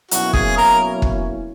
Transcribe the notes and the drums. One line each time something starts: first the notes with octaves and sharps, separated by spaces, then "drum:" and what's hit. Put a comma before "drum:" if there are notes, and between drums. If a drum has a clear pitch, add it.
B2 F#3 A#3 C#4 E4 F#4, drum: hi-hat
G#4, drum: kick
A#4
drum: kick